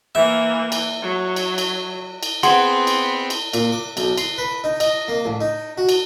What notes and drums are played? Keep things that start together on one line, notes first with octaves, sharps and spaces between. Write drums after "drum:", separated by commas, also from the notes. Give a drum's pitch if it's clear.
E3 A#3 E5
drum: cymbal
F#3
drum: cymbal
drum: cymbal
drum: cymbal
B3 C4 G#4 F#5 C6, drum: cymbal
drum: cymbal
drum: cymbal
A#2, drum: cymbal
D6
B1, drum: cymbal
C6, drum: cymbal
B4
D#4
D#5, drum: cymbal
A#3
A1
D#4
F#4
drum: cymbal